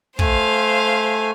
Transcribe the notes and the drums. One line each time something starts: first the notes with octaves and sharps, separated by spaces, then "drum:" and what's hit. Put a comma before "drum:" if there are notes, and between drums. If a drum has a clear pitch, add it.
A3 C5 F5 G#5, drum: kick